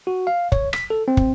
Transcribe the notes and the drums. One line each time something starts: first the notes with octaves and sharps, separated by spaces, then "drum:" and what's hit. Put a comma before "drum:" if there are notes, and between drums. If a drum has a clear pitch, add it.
F#4
F5
C#5, drum: kick
B6, drum: rim click
A4
C4
drum: kick